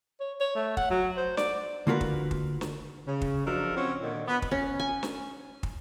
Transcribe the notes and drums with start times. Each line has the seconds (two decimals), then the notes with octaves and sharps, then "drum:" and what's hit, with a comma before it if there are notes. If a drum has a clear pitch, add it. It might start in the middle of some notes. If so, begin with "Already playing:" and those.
0.20 C#5
0.40 C#5
0.56 A3
0.77 F#5, drum: kick
0.90 F#3
1.17 C5
1.37 D5, drum: snare
1.87 D3 A#3 F4 F#4 A#4 B4
2.01 drum: kick
2.31 drum: kick
2.61 drum: snare
3.06 C#3
3.21 drum: kick
3.46 F3 F#3 D4 D#4 A4 A#4
3.76 C4 C#4 F4 F#4 C5 C#5
4.02 A#2 D3 D#3
4.27 B3
4.42 drum: kick
4.51 C#4
4.80 G#5
5.03 drum: snare
5.63 drum: kick